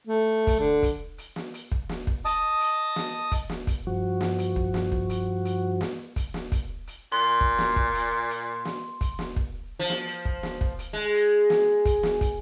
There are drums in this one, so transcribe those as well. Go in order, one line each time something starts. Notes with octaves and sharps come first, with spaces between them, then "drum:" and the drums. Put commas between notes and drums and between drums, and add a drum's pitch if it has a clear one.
A3
drum: kick, hi-hat
D3
drum: kick, hi-hat
drum: hi-hat
drum: snare
drum: hi-hat
drum: kick
drum: snare
drum: kick
D#5 A5 D#6, drum: hi-hat
drum: hi-hat
drum: snare
drum: kick, hi-hat
drum: snare
drum: kick, hi-hat
G2 F3 F#4
drum: snare
drum: hi-hat
drum: kick
drum: snare
drum: kick
drum: hi-hat
drum: hi-hat
drum: snare
drum: kick, hi-hat
drum: snare
drum: kick, hi-hat
drum: hi-hat
A#2 C6
drum: kick
drum: snare
drum: kick
drum: hi-hat
drum: hi-hat
drum: snare
drum: kick, hi-hat
drum: snare
drum: kick
F3
drum: snare
drum: hi-hat
drum: kick
drum: snare
drum: kick
drum: hi-hat
G#3
drum: hi-hat
drum: snare
drum: kick, hi-hat
drum: snare
drum: kick, hi-hat